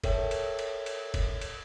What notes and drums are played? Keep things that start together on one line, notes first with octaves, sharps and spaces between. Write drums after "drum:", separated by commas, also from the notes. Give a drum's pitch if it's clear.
A4 A#4 C#5 E5 G5, drum: kick, cymbal
drum: cymbal
drum: cymbal
drum: cymbal
drum: kick, cymbal
drum: cymbal